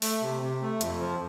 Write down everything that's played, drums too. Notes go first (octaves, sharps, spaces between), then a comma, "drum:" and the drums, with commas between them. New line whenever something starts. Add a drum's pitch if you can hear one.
A3, drum: open hi-hat
C3
C3
A3
F2, drum: hi-hat
F3